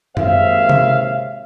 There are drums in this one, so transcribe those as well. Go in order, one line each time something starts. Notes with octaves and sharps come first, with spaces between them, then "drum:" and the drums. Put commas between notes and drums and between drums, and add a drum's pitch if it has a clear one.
G#1 D#2 C5 C#5 E5 F5, drum: tom F#2
drum: tom C3